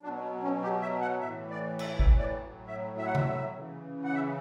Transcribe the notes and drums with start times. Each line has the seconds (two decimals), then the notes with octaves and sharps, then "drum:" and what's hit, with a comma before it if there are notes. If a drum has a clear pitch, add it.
0.03 B2 F#3 D4
0.23 B3
0.43 C#4
0.63 G4
0.82 E5
1.01 F#5
1.20 A2 E3 E5
1.50 D5
1.79 E5, drum: cymbal
1.99 E5, drum: kick G#1
2.19 D5
2.39 A2 F#3
2.67 E5
2.97 E5
3.06 F#5
3.15 E5, drum: tom C3
3.56 C#3 E3
4.04 F#5
4.14 E5